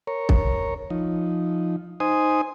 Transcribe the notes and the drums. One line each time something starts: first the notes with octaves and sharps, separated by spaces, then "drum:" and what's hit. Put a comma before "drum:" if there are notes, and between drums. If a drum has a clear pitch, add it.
A#4 C#5
drum: kick
F3 D#4
D#4 C5 G#5 D#6